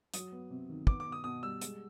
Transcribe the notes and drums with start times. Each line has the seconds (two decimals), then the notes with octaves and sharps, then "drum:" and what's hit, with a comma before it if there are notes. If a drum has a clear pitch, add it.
0.14 F#3 D#6, drum: hi-hat
0.32 B3
0.51 C3
0.69 D#3
0.87 B3 D6, drum: kick
1.00 D6
1.05 B2
1.12 D#6
1.24 B2 D#6
1.43 G3 E6
1.61 G#3, drum: hi-hat